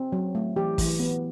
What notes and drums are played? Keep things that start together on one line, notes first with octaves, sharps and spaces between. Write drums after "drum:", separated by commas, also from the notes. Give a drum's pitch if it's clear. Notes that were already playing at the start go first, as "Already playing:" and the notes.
Already playing: C4
F#3
A3
E3 G4
E3, drum: kick, open hi-hat
B3